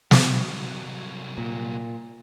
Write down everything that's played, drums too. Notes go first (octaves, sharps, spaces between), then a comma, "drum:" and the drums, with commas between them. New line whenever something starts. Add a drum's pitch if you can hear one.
C2 F#3, drum: snare
A#2